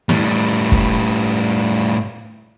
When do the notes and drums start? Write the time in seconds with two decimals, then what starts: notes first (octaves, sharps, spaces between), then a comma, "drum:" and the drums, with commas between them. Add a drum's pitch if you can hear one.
0.09 A2 G3, drum: snare
0.72 drum: kick